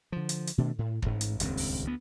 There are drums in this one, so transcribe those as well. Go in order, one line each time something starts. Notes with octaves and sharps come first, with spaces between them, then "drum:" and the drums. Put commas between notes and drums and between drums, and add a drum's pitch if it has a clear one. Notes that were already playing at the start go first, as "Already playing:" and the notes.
D3 F3
drum: hi-hat
drum: hi-hat
B2 D#3 A3 D4
A2
A1 G#2, drum: kick
drum: hi-hat
D#1 C#2 G2 C4, drum: hi-hat
drum: open hi-hat
D2 B3